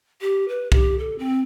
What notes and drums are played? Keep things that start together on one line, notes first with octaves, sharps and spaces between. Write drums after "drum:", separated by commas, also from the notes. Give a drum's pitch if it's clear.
G4
B4
G4, drum: kick
A4
C4